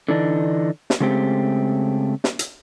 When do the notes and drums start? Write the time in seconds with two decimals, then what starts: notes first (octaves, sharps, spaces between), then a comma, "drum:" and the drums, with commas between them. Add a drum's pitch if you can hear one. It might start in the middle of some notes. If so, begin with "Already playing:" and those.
0.09 D3 E3 D4 D#4
0.90 drum: snare
1.01 C#3 G#3 A3 C4 G4
2.24 drum: snare
2.39 drum: hi-hat